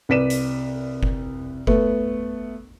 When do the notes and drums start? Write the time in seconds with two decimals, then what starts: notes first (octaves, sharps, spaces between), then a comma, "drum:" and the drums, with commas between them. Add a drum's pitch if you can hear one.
0.09 C2 B4 D5 B6 D#7 E7
0.30 drum: hi-hat
1.03 drum: kick F#1
1.67 A3 B3, drum: kick F#1